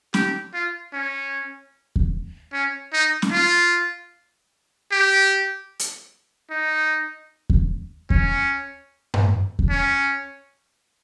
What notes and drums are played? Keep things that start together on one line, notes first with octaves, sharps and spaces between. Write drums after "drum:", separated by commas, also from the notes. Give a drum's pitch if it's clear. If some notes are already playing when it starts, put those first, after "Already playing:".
G4, drum: snare
F4
C#4
drum: kick E2
C#4
D#4
drum: snare
F4
G4
drum: hi-hat
D#4
drum: kick E2
C#4, drum: kick E2
drum: tom G2
drum: kick E2
C#4